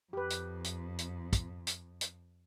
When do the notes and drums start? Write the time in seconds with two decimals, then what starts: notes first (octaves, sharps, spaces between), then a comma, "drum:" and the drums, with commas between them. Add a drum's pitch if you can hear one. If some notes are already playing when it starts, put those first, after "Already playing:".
0.13 F2 G4 B4
0.30 drum: hi-hat
0.64 drum: hi-hat
0.99 drum: hi-hat
1.33 drum: kick, hi-hat
1.67 drum: hi-hat
2.01 drum: hi-hat